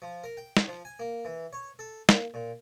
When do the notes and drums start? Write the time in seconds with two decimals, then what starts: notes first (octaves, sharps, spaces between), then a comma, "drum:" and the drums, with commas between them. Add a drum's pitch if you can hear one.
0.02 F3
0.24 A#4
0.37 G5
0.57 drum: snare
0.68 F3
0.85 G#5
0.99 A#3
1.25 E3
1.53 C#5
1.79 A4
2.09 A#3, drum: snare
2.34 A#2